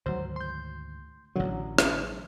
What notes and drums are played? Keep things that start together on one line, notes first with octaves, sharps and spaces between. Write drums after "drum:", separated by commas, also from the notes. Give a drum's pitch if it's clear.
D2 G#2 D#3 F#3 C5
C6 G6
A1 B2 D3 F#3
drum: rim click